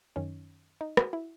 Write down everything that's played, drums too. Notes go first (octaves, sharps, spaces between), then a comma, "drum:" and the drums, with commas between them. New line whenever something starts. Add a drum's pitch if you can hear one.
F#2 D#3 C#4
D#4
F#4, drum: rim click
E4